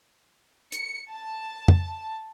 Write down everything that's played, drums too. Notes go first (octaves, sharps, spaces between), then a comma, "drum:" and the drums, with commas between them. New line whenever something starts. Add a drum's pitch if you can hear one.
C#7, drum: hi-hat
A5
drum: tom